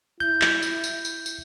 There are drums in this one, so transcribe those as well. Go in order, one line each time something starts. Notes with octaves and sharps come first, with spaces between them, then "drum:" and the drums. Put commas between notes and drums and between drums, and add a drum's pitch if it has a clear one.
E4 G6
drum: clap
drum: tambourine
drum: tambourine
drum: tambourine
drum: tambourine